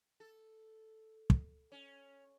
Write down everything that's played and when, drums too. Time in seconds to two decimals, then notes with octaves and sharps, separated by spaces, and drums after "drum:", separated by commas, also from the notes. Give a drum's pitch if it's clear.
0.20 A4
1.30 drum: kick
1.72 C#4